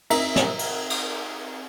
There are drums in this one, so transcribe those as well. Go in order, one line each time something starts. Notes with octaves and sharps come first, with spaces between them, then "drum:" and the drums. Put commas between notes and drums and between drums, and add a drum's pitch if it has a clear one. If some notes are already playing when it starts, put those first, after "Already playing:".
C4 D#4 A#4 E5 A#5 B6, drum: cymbal
drum: snare
drum: cymbal
drum: cymbal